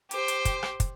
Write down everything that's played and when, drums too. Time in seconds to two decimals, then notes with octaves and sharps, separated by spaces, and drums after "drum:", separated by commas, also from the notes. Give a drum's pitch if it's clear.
0.11 G4 C5, drum: hi-hat
0.28 drum: hi-hat
0.45 drum: kick, hi-hat
0.63 drum: rim click
0.80 drum: kick, hi-hat